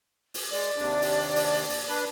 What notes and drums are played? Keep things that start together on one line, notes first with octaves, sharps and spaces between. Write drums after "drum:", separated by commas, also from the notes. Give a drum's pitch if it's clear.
drum: open hi-hat
G#3 D5
D#2 C3 D4
drum: open hi-hat
drum: open hi-hat
drum: open hi-hat
D4 B4